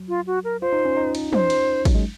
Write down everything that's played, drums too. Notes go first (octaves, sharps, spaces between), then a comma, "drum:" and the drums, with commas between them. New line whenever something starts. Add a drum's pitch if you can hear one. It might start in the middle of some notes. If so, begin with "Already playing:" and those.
Already playing: F#3
F4
F#4
A#4
F4 C5
D#4
C#4
D#4
drum: cymbal
C5, drum: tom
drum: cymbal
F#3, drum: kick G#1, cymbal
G#3